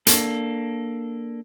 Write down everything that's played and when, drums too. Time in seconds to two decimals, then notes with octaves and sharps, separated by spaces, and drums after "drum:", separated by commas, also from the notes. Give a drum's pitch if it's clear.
0.07 A#3 D4 A4, drum: hi-hat